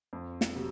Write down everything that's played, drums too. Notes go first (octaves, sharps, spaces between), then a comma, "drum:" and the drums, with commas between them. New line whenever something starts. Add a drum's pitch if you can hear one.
F2
drum: snare
C3 F#3